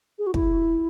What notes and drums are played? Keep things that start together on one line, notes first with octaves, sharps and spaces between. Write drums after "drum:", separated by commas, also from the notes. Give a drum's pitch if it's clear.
G#4
F#4
E4, drum: kick